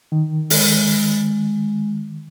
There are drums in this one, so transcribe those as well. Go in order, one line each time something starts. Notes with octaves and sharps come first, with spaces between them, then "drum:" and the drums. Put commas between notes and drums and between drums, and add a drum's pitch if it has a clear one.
D#3
G#3, drum: open hi-hat